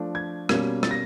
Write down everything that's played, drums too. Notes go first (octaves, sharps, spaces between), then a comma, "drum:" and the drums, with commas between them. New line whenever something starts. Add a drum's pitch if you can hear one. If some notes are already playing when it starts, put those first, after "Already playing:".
Already playing: F3 A3 D4
G#6
B2 G3 A#3 C#4 G#6, drum: rim click
A6, drum: rim click
A#6